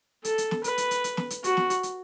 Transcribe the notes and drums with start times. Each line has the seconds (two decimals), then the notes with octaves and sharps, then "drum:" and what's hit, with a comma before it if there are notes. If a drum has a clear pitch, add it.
0.25 A4, drum: hi-hat
0.38 drum: hi-hat
0.51 drum: snare
0.64 B4, drum: hi-hat
0.78 drum: hi-hat
0.91 drum: hi-hat
1.04 drum: hi-hat
1.17 drum: snare
1.30 drum: hi-hat
1.44 F#4, drum: hi-hat
1.57 drum: snare
1.70 drum: hi-hat
1.83 drum: hi-hat